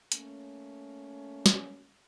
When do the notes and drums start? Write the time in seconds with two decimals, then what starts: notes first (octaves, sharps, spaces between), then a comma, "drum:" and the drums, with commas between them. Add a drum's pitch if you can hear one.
0.12 A3 A#3 C#4, drum: hi-hat
1.46 drum: snare